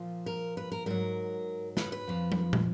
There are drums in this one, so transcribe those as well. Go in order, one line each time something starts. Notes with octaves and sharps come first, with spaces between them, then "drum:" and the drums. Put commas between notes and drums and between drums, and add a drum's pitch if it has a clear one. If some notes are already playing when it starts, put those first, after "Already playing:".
Already playing: A#2 F3
A#4
B4
A#4
G#2 F#3 A#4
B4, drum: snare
B4
F2 F3
drum: tom
drum: tom